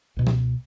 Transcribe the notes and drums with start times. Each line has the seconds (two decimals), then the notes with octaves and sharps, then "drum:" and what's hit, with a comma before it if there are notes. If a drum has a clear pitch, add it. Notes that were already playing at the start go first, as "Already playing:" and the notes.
0.17 C#2 B2
0.27 drum: tom